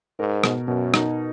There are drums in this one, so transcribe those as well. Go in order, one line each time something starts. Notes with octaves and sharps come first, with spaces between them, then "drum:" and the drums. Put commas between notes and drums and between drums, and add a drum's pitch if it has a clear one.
G#2 A#4
B2, drum: rim click
F#2 B2
D#4, drum: rim click